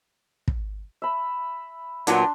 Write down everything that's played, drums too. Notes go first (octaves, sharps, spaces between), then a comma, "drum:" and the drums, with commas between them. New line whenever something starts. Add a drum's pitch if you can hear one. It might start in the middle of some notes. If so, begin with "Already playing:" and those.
drum: kick
E5 B5
A#2 F#3 B3 D4 C6, drum: hi-hat